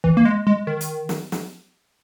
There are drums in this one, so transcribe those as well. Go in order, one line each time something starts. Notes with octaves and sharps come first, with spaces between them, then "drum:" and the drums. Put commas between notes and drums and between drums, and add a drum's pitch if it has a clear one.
E3, drum: kick
A#3
G#3
G#3
D#3
drum: hi-hat
drum: snare
drum: snare